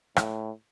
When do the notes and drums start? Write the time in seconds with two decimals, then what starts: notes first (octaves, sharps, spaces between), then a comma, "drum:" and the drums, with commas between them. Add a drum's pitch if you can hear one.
0.16 A2, drum: rim click